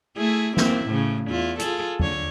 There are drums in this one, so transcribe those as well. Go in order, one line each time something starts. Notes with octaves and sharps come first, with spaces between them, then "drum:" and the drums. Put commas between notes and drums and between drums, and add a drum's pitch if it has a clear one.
A3 E4 G#4
A#3 C4 E4, drum: snare
A2 C#3
E2 E4 F4
F4 G#4 A4, drum: hi-hat
D3 C#5, drum: tom E2